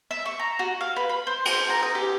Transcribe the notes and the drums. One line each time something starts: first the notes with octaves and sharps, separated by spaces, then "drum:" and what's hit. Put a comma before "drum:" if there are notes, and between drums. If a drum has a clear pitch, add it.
E5
C#6
A#5
F#4
F5
B4
B5
C5
C5, drum: cymbal
A#5
D#6
G4